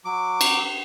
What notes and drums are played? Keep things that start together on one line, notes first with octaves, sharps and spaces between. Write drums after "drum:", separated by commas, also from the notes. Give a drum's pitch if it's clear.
F#3 D6
drum: cymbal